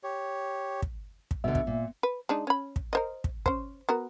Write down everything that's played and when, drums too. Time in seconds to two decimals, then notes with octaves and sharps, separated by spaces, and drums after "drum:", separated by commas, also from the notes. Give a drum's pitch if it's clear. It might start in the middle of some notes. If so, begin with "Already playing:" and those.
0.03 G4 C#5
0.82 drum: kick
1.31 drum: kick
1.44 B2 D3 E5
1.55 drum: kick
1.67 A#2
2.03 B4
2.29 G#3 D4 D#4
2.47 C#4 B5
2.76 drum: kick
2.93 A#4 C5 D#5
3.24 drum: kick
3.46 C#4 C5, drum: kick
3.89 B3 F#4 A#4